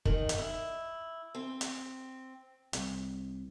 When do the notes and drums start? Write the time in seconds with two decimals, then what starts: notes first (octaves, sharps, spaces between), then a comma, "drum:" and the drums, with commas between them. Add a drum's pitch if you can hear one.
0.05 D#3, drum: kick
0.29 drum: hi-hat
0.38 E4
1.35 C4
1.61 drum: hi-hat
2.73 C2, drum: hi-hat